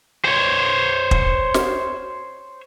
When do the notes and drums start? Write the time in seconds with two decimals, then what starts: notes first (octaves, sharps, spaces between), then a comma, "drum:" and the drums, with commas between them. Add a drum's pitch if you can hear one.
0.25 C5 C#5
1.11 drum: kick
1.54 drum: snare